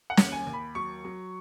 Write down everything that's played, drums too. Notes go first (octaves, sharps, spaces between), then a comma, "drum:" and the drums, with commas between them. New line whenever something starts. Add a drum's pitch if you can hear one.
F#5
D#2, drum: snare
G#5
D#2
B5
F#3 C#6
F#3